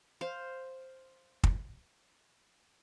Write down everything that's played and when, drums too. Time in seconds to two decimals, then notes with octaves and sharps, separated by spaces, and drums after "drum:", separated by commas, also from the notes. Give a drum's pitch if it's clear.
0.21 C5 F5
1.44 drum: kick